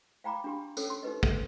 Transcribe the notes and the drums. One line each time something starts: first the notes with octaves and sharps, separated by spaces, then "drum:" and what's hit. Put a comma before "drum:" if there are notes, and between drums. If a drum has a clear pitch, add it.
F5 G5 A#5 B5 D6
D4 G4 C6
C#4 A4 C#5 E6, drum: tambourine
C6
D#4 G4 B4 D#5
A4, drum: kick